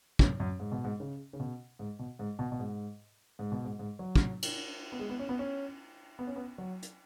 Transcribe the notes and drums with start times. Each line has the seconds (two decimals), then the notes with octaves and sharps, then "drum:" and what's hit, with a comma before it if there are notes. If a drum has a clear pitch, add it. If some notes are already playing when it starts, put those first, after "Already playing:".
0.19 F#2, drum: kick
0.40 F#2
0.60 G#2
0.72 B2
0.84 G#2
1.00 C#3
1.33 C#3
1.40 B2
1.79 G#2
1.99 B2
2.19 G#2
2.39 B2
2.52 B2
2.60 G#2
3.39 G#2
3.52 B2
3.65 G#2
3.79 G#2
3.99 F#3
4.16 drum: kick
4.42 drum: cymbal
4.92 B3
4.99 G#3
5.10 B3
5.19 C#4
5.29 B3
5.39 C#4
6.19 B3
6.27 C#4
6.36 B3
6.58 F#3
6.82 drum: hi-hat